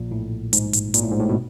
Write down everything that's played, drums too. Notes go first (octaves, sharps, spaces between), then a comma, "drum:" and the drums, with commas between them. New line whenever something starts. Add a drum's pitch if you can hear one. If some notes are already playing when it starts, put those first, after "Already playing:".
Already playing: A#1 A#2
A2
G#2, drum: hi-hat
drum: hi-hat
A#2, drum: hi-hat
A2
G#2
A2
B2